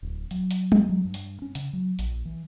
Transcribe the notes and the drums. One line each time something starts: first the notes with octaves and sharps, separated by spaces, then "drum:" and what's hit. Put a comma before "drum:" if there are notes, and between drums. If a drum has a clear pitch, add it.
D1
F#3, drum: hi-hat
drum: hi-hat
drum: tom G3
F#3
G2
drum: hi-hat
C#4
C#3, drum: hi-hat
F#3
A#1, drum: hi-hat
E3